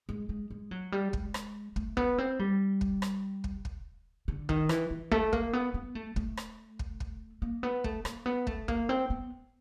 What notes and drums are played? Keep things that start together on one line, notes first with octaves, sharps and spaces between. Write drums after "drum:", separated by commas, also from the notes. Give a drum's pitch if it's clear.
G#3
G#3
G#3
F#3
G3
G#3, drum: kick
drum: rim click
A3, drum: kick
B3, drum: kick
C4
G3
drum: kick
drum: rim click
drum: kick
drum: kick
D3
D#3, drum: kick
E3, drum: rim click
E3
A3, drum: kick
A#3, drum: kick
B3
B3
A3
A3, drum: kick
drum: rim click
drum: kick
drum: kick
A#3
B3
A3, drum: kick
A#3, drum: rim click
B3
A3, drum: kick
A#3, drum: kick
C4
B3